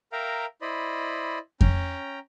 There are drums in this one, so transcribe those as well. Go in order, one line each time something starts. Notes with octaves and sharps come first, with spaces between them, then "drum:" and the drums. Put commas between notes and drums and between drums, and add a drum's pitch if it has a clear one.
A#4 E5 F5 G5 A#5
E4 C5 D5 D#5 B5
C#4 G5 A#5, drum: kick F2